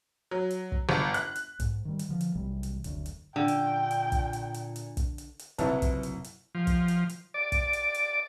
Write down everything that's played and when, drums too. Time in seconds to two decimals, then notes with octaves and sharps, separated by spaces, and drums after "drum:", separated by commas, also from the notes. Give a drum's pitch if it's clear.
0.31 F#3
0.51 drum: hi-hat
0.72 drum: kick
0.89 G1
1.14 F#6, drum: hi-hat
1.36 drum: hi-hat
1.60 G#2, drum: kick, hi-hat
1.85 D#3 G3
1.99 drum: hi-hat
2.09 D3 F3
2.21 drum: hi-hat
2.36 B1 C3 E3 G3
2.63 drum: hi-hat
2.84 F#1 D2, drum: hi-hat
3.06 drum: hi-hat
3.36 A#2 D3 G5
3.48 drum: hi-hat
3.91 drum: hi-hat
4.12 drum: kick, hi-hat
4.33 drum: hi-hat
4.54 drum: hi-hat
4.76 drum: hi-hat
4.97 drum: kick, hi-hat
5.18 drum: hi-hat
5.39 drum: hi-hat
5.59 F#1 C2 A#2 F#3 E4 B4 C#5 A5, drum: hi-hat
5.82 drum: kick, hi-hat
6.03 drum: hi-hat
6.24 drum: hi-hat
6.55 F3
6.67 drum: kick, hi-hat
6.88 drum: hi-hat
7.09 drum: hi-hat
7.34 D5
7.52 drum: kick, hi-hat
7.73 drum: hi-hat
7.94 drum: hi-hat